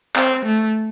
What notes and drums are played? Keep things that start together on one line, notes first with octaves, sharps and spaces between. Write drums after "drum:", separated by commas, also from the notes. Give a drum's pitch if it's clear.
C4, drum: clap
A3